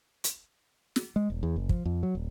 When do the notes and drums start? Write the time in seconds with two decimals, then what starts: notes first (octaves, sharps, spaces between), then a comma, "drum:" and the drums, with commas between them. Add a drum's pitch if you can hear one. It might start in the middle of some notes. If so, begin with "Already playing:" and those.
0.24 drum: hi-hat
0.96 drum: snare
1.16 G#3
1.30 E1
1.43 E2
1.56 F#1
1.69 F3, drum: kick
1.85 F2
2.03 F#3
2.15 D#1